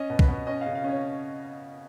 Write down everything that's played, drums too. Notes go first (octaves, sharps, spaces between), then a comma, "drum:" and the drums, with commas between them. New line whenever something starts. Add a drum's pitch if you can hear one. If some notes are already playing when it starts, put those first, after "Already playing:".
Already playing: C#4 D#5
B2
B4, drum: kick
B2
C#4 D#5
C#3 F5
F5
C#4 C#5